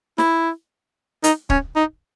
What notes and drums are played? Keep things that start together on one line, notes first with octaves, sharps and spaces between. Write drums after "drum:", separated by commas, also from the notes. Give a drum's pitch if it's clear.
E4, drum: snare
D#4, drum: hi-hat
C#4, drum: kick
D#4